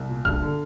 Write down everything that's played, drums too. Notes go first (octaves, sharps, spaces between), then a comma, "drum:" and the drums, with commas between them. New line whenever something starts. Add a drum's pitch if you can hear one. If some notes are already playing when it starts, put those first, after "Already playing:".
Already playing: C2
A#2
G2 F6, drum: kick
D3